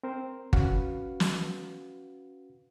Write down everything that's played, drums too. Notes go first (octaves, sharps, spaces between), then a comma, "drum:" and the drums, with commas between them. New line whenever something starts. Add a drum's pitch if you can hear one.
C4 A#4 C5
C#4 F#4 B4 F5 F#5, drum: kick G1
drum: snare